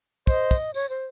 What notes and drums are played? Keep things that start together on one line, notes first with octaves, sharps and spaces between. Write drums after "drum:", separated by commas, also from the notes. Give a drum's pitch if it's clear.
C5 D#5, drum: kick, tambourine
drum: kick, tambourine
C#5, drum: tambourine
C5